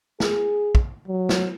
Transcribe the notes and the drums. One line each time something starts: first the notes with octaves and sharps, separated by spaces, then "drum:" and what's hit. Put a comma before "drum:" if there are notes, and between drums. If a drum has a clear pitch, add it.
G#4, drum: snare
drum: kick
F#3
drum: snare